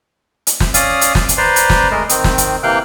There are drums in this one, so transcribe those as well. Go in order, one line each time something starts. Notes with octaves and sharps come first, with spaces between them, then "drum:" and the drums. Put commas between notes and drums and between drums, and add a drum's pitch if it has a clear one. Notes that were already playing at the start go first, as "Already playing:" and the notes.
drum: hi-hat
drum: snare
C#4 D5 F5 D#6, drum: hi-hat
drum: hi-hat
drum: snare
drum: hi-hat
B4 C5 D5 A#5 C6
drum: hi-hat
drum: snare
G#3 A3 A#4 D#5
D#3 C4, drum: hi-hat
drum: snare
drum: hi-hat
C3 E3 A#3 F5 G5 F#6